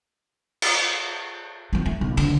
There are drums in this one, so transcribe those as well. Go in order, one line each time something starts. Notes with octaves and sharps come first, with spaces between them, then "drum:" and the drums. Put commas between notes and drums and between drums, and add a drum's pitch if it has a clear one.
drum: cymbal
F3 C4
A3
B1
D3, drum: cymbal